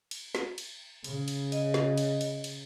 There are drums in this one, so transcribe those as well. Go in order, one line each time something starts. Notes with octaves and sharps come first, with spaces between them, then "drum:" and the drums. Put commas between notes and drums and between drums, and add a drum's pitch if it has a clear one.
drum: cymbal
drum: snare
drum: cymbal
C#3, drum: cymbal
drum: cymbal
D#5, drum: cymbal
drum: snare
drum: cymbal
drum: cymbal
drum: cymbal